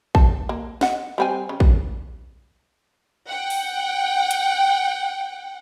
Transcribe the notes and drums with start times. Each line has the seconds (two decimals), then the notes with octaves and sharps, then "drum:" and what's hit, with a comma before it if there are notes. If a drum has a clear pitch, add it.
0.15 A5, drum: kick
0.49 A#3
0.81 D#5 F#5, drum: snare
1.18 G3 C4 G#5
1.49 C#3
1.60 drum: kick
3.28 F#5 G5
3.50 drum: open hi-hat
4.31 drum: hi-hat